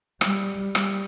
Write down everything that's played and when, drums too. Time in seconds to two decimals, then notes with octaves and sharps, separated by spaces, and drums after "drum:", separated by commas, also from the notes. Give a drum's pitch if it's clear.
0.21 G3, drum: rim click
0.75 G3, drum: rim click